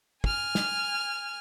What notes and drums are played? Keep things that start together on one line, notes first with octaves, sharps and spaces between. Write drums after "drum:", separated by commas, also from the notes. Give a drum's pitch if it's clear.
G#5 F6, drum: kick
drum: snare